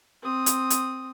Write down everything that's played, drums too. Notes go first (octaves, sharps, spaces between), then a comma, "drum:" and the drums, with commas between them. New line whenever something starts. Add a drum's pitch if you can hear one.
C4 D#6
drum: hi-hat
drum: hi-hat